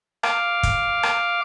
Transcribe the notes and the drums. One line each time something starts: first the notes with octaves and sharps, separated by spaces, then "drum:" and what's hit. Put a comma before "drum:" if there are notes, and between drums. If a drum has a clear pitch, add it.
F5 D6, drum: rim click
drum: kick, hi-hat
drum: rim click